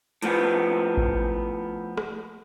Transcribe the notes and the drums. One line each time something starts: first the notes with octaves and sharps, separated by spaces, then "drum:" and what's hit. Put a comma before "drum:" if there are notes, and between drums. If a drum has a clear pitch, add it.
A2 F3 B3, drum: hi-hat
drum: kick A1
drum: rim click